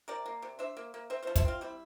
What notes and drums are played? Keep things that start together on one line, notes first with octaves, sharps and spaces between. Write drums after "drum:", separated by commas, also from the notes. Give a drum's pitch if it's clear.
C3 A#4 D5
A#3
C3
D4 C5 E5
A#3
A#3
C4 C5 E5
C5 E5
F3
C5 E5, drum: kick, hi-hat
C4 F4
G3 E4